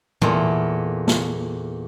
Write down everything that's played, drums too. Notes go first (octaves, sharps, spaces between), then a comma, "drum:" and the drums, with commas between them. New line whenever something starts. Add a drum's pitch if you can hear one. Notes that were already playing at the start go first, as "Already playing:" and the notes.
E2 A#2 A3, drum: tom
drum: snare